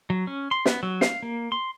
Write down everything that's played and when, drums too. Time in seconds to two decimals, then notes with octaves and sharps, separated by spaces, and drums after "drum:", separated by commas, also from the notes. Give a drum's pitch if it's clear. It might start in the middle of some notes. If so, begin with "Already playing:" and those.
0.10 F#3
0.27 C#4
0.51 C6
0.66 B3, drum: snare
0.83 F#3
1.01 F5, drum: snare
1.22 A#3
1.52 C6